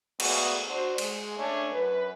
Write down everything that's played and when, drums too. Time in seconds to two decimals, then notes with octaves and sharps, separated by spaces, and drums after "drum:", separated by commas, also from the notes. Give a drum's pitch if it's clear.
0.20 G#3 A3 B3 F#4 G#4 D5, drum: cymbal
0.67 D4 F#4 C5
0.98 G#3, drum: cymbal
1.37 A3 C#4 D4
1.71 F#2 B4